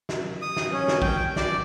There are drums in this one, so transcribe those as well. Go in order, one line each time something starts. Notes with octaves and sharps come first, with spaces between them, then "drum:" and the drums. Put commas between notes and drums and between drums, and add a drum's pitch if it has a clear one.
drum: snare
D#6
drum: snare
C#4
drum: snare
G5, drum: kick
D5, drum: snare